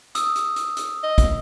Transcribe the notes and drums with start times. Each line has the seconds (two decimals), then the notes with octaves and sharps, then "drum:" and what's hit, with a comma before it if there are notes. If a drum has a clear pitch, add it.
0.15 D#6 E6, drum: hi-hat
0.36 drum: hi-hat
0.56 drum: hi-hat
0.77 drum: hi-hat
1.03 D#5
1.18 drum: kick, hi-hat